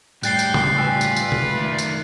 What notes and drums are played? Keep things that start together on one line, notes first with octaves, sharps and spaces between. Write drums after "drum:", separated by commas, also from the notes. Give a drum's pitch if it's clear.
A2 G3 G5 F#6 A6 C7, drum: tambourine
drum: tambourine
drum: tom C#3
F4 B4 D5 G5 G#5 E6
drum: tambourine
drum: tambourine
drum: tom C3
D#3 A3
drum: tambourine